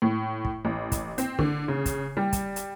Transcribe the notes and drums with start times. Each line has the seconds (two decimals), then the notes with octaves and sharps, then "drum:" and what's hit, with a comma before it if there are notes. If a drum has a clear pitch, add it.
0.02 A2
0.45 drum: kick
0.65 A1
0.92 drum: kick, hi-hat
1.18 C4, drum: hi-hat
1.39 D3, drum: kick
1.68 C#3
1.86 drum: kick, hi-hat
2.17 G3
2.33 drum: kick, hi-hat
2.56 drum: hi-hat